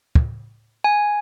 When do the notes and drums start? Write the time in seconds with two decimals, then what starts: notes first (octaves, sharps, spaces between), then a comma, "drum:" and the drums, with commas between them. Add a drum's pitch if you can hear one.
0.15 drum: kick
0.84 G#5